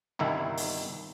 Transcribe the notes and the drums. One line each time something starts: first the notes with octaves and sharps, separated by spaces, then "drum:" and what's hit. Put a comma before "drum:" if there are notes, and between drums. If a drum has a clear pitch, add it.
G1 C2 D#3 E4 E5
drum: open hi-hat